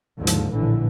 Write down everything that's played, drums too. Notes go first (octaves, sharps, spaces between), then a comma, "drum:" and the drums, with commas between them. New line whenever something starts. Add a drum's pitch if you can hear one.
D#2 G#2 D3 F3
drum: hi-hat
A#1 A2 D3 E3